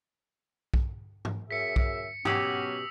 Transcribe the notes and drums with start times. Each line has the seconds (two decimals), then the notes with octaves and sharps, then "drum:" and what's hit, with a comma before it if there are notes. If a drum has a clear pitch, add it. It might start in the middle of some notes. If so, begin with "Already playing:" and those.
0.74 drum: kick B1
1.25 drum: tom
1.51 F#2 G#4 E5 B6 C#7
1.76 drum: kick B1
2.25 B2 F#3 B3 C#4 G4 D#6 E6 A#6, drum: tom